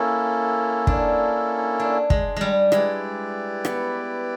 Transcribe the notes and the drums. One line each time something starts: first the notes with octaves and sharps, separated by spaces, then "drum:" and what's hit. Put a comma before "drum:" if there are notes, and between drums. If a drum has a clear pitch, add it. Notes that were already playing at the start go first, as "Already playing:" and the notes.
Already playing: A#3 C#4 E4 A4
D4, drum: kick
D4
G#3, drum: kick
G3 G#3
G#3 E4 G4 B4 D5, drum: rim click
B3, drum: rim click